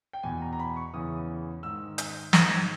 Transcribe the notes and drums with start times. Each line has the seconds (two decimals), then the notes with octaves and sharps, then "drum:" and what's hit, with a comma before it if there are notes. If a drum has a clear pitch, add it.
0.13 G5
0.23 E2 B2 G#5
0.42 A#5
0.53 A#5
0.59 B5
0.76 C#6
0.93 E2 C#3 E3 D#6
1.63 G#2 D#3 E6
1.98 G6, drum: hi-hat
2.33 G#2 D#3 G#6, drum: snare
2.46 G6
2.50 G#6